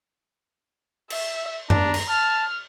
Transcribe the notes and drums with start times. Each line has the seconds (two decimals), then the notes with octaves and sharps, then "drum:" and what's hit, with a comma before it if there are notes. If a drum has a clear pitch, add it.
1.10 E5, drum: cymbal
1.70 D4 A#5, drum: tom F#2
1.94 drum: cymbal
2.09 A5 F6